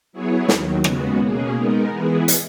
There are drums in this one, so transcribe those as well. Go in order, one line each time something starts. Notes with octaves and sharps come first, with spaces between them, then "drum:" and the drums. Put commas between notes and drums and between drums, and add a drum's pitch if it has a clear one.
F#3 B3 E4 G#4 C#5
D#2 D#3 F#3, drum: snare
D#2 C#3 G#3 B3 F#4, drum: rim click
B2 A#3 C#4 G#4
G#3 B3 D#4 A#4
E3 G#3 B3 E4 G#4
drum: hi-hat